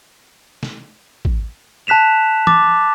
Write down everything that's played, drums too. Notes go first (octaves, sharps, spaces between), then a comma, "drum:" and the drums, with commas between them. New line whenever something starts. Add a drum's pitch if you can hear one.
drum: snare
drum: kick
A5 F#6 B6 E7 F7
D6 A6, drum: tom